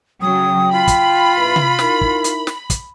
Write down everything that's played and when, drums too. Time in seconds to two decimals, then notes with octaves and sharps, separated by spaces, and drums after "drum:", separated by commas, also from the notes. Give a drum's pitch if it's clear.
0.21 C#3 F#3 G5 D#6
0.72 F4 B5
0.88 drum: kick, hi-hat
1.36 A#1 E4 B4
1.56 drum: tom C3
1.79 D#4 E4 A#4, drum: snare
2.01 drum: kick
2.24 drum: hi-hat
2.47 drum: snare
2.70 drum: kick, hi-hat